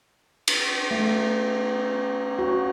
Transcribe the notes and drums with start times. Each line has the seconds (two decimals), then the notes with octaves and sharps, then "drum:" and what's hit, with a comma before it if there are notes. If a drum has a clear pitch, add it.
0.48 drum: cymbal
0.91 A3
2.39 F#4